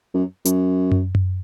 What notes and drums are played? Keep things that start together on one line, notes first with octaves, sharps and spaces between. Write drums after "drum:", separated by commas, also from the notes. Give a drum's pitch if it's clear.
F#2
F#2, drum: hi-hat
drum: tom F#2
drum: tom F#2